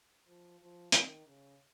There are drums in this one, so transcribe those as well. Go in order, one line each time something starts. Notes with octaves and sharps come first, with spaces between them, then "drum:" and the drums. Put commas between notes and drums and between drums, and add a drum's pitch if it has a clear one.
F3
F3
D#3, drum: hi-hat
C#3